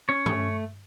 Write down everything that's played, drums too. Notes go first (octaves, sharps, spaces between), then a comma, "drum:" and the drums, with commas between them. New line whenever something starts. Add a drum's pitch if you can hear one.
C#4 C#5
A3, drum: tom G2